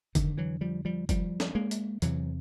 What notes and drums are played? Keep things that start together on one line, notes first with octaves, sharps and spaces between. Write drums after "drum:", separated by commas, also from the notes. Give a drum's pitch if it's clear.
F2 D3 D#3, drum: kick, hi-hat
E3 F#3
F3 G3
F3 G3
F3 G3, drum: kick, hi-hat
drum: snare
G#3 A#3
drum: hi-hat
E2 C3 E3 F#3, drum: hi-hat